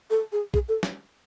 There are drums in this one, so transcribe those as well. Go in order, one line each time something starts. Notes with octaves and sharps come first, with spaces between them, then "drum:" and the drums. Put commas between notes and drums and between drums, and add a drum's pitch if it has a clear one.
A4
G#4
G#4, drum: kick
A4
drum: snare